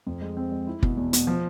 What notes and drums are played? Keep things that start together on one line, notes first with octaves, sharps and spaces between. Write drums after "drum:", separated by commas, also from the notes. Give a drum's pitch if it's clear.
F2
G#3
C4
G#3
E4
B2, drum: kick
E2
B2, drum: hi-hat
F3